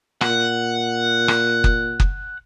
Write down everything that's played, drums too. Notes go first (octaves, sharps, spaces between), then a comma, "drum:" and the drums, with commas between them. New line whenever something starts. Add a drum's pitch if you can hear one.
A#2 F#5, drum: rim click
drum: rim click
drum: kick F#1
drum: kick F#1